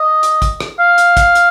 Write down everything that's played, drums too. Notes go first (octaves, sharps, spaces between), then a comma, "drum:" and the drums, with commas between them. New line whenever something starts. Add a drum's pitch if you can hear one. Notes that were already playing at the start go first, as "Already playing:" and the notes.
Already playing: D#5
drum: hi-hat
drum: kick, hi-hat
drum: rim click
F5
drum: hi-hat
drum: kick, hi-hat
drum: hi-hat